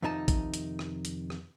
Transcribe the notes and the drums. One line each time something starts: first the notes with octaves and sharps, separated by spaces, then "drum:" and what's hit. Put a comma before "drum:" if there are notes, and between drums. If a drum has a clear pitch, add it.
F2 C3 D#3 D#4 G4 A5
drum: kick A#1, hi-hat
drum: hi-hat
drum: rim click
drum: hi-hat
drum: rim click